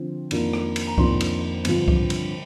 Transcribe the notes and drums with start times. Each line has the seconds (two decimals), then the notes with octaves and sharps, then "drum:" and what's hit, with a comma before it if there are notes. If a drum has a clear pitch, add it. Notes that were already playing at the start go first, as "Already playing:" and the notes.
Already playing: D3 F3 C4 F4
0.31 F2 D#3 A#3 D4 F4, drum: cymbal
0.53 drum: rim click
0.76 drum: cymbal
0.87 A#5
0.98 F2 D#3 A#3 D4 F4 C6, drum: kick C2
1.21 drum: cymbal
1.65 G2 D3 F3 C4 F4, drum: cymbal
1.88 drum: kick C2
2.10 drum: cymbal